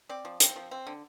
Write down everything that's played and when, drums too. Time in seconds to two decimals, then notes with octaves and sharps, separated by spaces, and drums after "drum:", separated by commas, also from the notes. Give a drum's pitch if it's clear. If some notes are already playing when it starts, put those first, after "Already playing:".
0.09 C4 D5
0.25 F3
0.40 C4, drum: hi-hat
0.56 F3
0.71 C4
0.87 D3